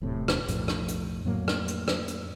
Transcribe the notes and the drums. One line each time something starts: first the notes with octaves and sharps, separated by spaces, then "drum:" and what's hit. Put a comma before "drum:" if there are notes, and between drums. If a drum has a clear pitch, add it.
D#1 E2 A2 C3
drum: rim click
B1 F2 A2, drum: hi-hat
drum: rim click
drum: hi-hat
F2 A2 F#3 A#3
drum: rim click
drum: hi-hat
drum: rim click
drum: hi-hat